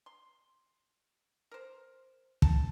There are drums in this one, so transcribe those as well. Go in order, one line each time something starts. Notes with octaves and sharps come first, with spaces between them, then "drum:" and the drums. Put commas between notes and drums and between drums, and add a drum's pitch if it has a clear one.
C6
A#4 C5
A5, drum: kick